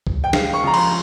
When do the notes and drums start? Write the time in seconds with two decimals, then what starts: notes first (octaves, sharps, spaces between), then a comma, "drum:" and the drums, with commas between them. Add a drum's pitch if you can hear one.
0.07 drum: kick C#2
0.24 G5
0.33 G#3 F5, drum: snare
0.53 C#6
0.63 F3 A#5
0.74 C6, drum: cymbal